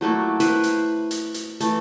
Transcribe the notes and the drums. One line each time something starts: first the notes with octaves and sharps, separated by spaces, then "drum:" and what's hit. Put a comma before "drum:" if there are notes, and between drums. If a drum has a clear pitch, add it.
F#3 A3 A#3 E4
E4 B4 C5 B5, drum: hi-hat
drum: hi-hat
drum: hi-hat
drum: hi-hat
E3 A3, drum: hi-hat